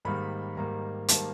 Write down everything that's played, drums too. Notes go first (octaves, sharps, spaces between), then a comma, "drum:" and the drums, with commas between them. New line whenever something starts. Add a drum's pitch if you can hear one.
G#2 D#3 G3 A#3 B5
G#2 D#3 G3 A#3 A#5
G#2 D#3 G3 A#3 A5, drum: hi-hat